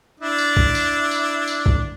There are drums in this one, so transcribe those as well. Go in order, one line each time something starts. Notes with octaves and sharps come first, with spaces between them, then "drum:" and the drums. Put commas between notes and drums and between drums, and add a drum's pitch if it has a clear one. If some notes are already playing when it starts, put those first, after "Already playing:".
D4 E4
drum: tambourine
drum: kick
drum: tambourine
drum: tambourine
drum: tambourine
drum: kick